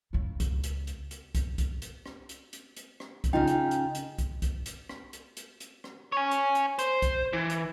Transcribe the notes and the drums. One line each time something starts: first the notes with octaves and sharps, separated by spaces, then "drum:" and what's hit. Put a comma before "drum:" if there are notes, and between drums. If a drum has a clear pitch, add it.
C#2 C#3
drum: kick, hi-hat
drum: hi-hat
drum: hi-hat
drum: hi-hat
drum: kick, hi-hat
drum: kick, hi-hat
drum: hi-hat
drum: rim click
drum: hi-hat
drum: hi-hat
drum: hi-hat
drum: rim click
drum: kick, hi-hat
C#3 D#4 F4 G5
drum: hi-hat
drum: hi-hat
drum: hi-hat
drum: kick, hi-hat
drum: kick, hi-hat
drum: hi-hat
drum: rim click
drum: hi-hat
drum: hi-hat
drum: hi-hat
drum: rim click
C#5 G#5
drum: hi-hat
drum: hi-hat
C5, drum: hi-hat
drum: kick, hi-hat
E3
drum: hi-hat